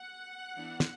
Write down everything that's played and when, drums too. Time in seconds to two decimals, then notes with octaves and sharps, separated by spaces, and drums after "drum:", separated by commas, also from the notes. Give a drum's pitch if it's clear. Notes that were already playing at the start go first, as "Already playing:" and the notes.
Already playing: F#5
0.57 E3 B3 D4
0.80 drum: snare